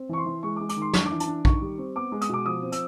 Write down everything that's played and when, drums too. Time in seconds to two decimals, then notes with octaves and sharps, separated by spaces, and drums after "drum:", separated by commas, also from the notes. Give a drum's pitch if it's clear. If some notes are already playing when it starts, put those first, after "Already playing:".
Already playing: C4
0.09 E3 C#6
0.18 C6
0.26 E3
0.43 G#3 C#6
0.56 D6
0.61 G#3
0.69 D6, drum: hi-hat
0.76 D#3
0.82 C6
0.93 D4 C#6, drum: snare
1.06 D6
1.11 E3
1.20 A5, drum: hi-hat
1.27 D4
1.45 D#3 C#6, drum: kick A#1
1.61 G3
1.78 C4
1.96 B3 D6
2.12 G#3
2.21 D#6, drum: hi-hat
2.29 B2 D6
2.46 F3 D#6
2.63 C4
2.72 E6, drum: hi-hat